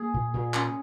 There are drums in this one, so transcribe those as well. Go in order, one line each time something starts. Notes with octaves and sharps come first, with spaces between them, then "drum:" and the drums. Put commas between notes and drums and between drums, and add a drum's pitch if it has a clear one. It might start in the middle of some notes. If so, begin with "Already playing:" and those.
Already playing: A#3 G#4
A#2
A#2
C#4, drum: clap